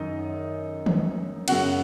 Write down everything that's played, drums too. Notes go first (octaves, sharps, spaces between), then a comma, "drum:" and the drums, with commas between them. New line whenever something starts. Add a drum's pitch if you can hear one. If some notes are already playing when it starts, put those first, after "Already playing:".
Already playing: F#2 D#3 D#4 D#5
drum: tom D#3
F#2 C#3 F#4 F#5, drum: cymbal